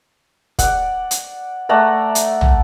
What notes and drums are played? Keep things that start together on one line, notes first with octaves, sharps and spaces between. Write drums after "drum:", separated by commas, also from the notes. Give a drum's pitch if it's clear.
D5 F#5, drum: kick, hi-hat
drum: hi-hat
A3 D5 F#5 A#5
drum: hi-hat
drum: tom